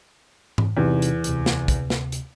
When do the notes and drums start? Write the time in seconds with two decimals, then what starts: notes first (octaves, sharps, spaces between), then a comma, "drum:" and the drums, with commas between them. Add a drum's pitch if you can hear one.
0.58 drum: tom G#2
0.77 E2 C3 D#4
1.02 drum: hi-hat
1.24 D2 C3, drum: hi-hat
1.46 drum: snare
1.68 drum: kick, hi-hat
1.90 drum: snare
2.12 drum: hi-hat